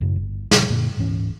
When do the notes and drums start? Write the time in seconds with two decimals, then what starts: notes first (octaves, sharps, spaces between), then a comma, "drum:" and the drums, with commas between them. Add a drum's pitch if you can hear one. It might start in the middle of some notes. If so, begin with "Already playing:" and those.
0.01 A1 F#2 A2 C#3
0.16 G1
0.51 A#2 C#3 F3 G3, drum: snare
0.70 F#2 A#2 D3
0.97 D1 G#2 E3 C#4